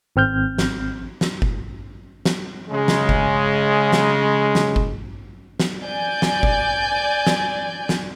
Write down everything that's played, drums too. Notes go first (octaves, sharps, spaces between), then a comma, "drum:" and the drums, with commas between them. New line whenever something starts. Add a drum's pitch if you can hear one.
G#1 C4 F6 G6
drum: snare
drum: snare
drum: kick F#1
drum: snare
C#3 G#3
drum: snare
drum: kick F#1
drum: snare
drum: snare
drum: kick F#1
drum: snare
D5 G#5 G6
drum: snare
drum: kick F#1
drum: snare
drum: snare